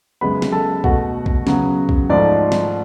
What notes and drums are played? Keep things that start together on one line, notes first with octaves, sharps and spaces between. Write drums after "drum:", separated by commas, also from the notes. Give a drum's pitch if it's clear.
F#2 C#3 G#3 B3 B4 B5
drum: snare
A4 A5
B2 A3 F#4 F#5, drum: kick
drum: kick
C#3 F#3 B3, drum: snare
drum: kick
G#2 F3 A3 D5
drum: snare